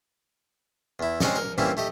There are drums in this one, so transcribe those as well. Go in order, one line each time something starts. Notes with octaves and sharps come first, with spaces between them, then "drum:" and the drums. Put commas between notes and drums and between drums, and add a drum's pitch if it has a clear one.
E2 E4
G#3 C4 C#4 D#4 D5 D#5, drum: snare
A#4
E3 G3 A#3 C4 C#4 E4
A3 G4 D#5